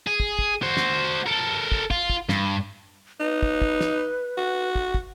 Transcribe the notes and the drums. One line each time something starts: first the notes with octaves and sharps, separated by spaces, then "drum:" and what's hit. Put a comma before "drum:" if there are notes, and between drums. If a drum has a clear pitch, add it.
G#4
drum: kick
drum: kick
F#4 C5
drum: snare
A4 A#4
drum: kick
F4, drum: kick
drum: kick
G2, drum: snare
D#4 B4
drum: kick
drum: kick
drum: snare
F#4
drum: kick
drum: kick